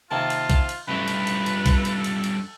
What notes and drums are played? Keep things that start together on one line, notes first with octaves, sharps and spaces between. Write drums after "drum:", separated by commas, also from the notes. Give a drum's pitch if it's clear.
C3 D#3 A#3 F4 A5
drum: cymbal
drum: kick, cymbal
drum: cymbal
A1 G2 F3 A3 A4 B4
drum: cymbal
drum: cymbal
drum: cymbal
drum: kick, cymbal
drum: cymbal
drum: cymbal
drum: cymbal